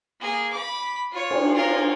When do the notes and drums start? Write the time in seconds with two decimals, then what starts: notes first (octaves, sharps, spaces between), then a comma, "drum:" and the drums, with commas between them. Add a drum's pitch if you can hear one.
0.20 A#3 G#4
0.52 B5 D6
1.11 F4 C#5
1.31 drum: cymbal
1.54 F4 A#4